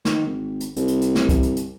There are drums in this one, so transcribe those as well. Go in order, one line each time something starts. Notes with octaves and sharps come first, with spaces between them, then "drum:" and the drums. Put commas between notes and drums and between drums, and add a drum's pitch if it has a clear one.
D#3, drum: snare
G#1
drum: hi-hat
C2, drum: hi-hat
drum: hi-hat
drum: hi-hat
drum: snare
drum: kick C2, hi-hat
drum: hi-hat
drum: hi-hat